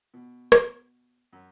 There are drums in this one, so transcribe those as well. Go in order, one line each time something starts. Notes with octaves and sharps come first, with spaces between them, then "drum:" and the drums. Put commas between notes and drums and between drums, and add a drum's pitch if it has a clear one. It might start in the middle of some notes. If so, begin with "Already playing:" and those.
B2
drum: rim click
F#2